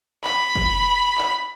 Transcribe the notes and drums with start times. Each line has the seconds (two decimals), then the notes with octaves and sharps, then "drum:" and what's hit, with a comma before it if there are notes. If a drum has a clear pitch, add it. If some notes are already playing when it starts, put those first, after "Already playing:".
0.24 B5, drum: clap
0.55 drum: kick F#1
1.18 drum: clap